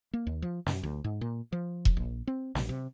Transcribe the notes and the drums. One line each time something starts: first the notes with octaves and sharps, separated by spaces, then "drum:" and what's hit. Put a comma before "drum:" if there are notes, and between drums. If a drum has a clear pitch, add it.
A#3
D#2
F3
F#2, drum: snare
D2
G#2
A#2
F3
drum: kick E1
A#1
C4
A#1, drum: snare
C3